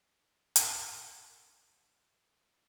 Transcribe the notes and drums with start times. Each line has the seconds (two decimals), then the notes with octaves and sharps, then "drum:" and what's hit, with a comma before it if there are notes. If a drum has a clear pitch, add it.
0.21 A1 E2
0.56 drum: hi-hat